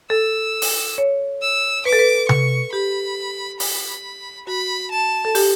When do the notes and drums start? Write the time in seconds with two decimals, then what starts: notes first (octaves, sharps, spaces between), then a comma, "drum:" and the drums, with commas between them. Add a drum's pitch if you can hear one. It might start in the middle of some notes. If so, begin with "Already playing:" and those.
0.10 A4 E6
0.62 drum: open hi-hat
0.98 C#5
1.42 E6
1.85 B4 D6
1.93 A4
1.99 B4
2.29 C#6, drum: tom C3
2.73 G4 B5
3.60 B5, drum: open hi-hat
4.47 F#4 B5
4.91 A5
5.25 A4
5.35 G4, drum: open hi-hat